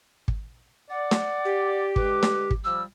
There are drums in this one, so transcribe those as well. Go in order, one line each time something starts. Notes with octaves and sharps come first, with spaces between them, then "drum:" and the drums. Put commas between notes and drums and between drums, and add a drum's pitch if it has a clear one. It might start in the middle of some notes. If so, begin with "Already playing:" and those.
drum: kick
D5 F#5
drum: snare
G4
D3 G#3 B4 D6, drum: kick
drum: snare
drum: kick
F3 G3 E6